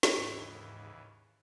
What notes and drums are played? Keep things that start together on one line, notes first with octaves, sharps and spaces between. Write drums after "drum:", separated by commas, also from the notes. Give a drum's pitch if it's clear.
drum: snare
D#2 G#2 C#3 E3